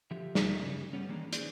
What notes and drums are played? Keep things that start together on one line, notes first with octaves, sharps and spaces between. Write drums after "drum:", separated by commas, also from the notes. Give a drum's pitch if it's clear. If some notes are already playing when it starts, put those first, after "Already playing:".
D3 F3 G4 E5
drum: snare
G2 C#3 G3
G3 A3 B3 C#4
D#3 E3 G#3 A#3 D4
C#4 D#4 G#4 B4 C5 D5, drum: hi-hat